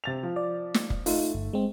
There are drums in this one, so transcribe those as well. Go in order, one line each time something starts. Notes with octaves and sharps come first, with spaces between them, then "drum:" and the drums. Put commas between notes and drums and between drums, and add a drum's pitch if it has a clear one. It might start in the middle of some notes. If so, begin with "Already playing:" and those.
C3 A6 F7
F3
D5
drum: snare
drum: kick
A3 D#4 F4, drum: open hi-hat
G1
G#3 C4